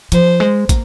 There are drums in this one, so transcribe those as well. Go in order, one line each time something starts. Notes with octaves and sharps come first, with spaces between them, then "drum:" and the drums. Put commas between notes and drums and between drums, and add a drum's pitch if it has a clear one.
F3 C5, drum: hi-hat
G#3
A#3, drum: kick, hi-hat